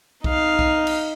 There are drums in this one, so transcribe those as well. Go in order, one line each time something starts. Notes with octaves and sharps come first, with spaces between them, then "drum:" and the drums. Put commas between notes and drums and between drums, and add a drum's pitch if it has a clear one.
D#4 F5, drum: kick B1
drum: kick B1
drum: cymbal